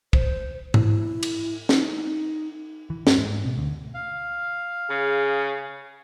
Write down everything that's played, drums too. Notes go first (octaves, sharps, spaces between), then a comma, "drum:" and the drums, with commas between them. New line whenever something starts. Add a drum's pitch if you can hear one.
C5, drum: kick
E4, drum: tom G#2
drum: cymbal
D#4, drum: snare
E3
G2, drum: snare
G#2
B2
D2
F5
C#3 G#4